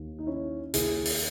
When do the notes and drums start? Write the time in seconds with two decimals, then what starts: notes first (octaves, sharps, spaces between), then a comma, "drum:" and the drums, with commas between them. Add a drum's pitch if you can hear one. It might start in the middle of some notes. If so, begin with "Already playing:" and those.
Already playing: D#2 D#3
0.19 D#4
0.26 C#4 E4
0.74 D#2 D#3 E4 G#4, drum: hi-hat
1.05 drum: open hi-hat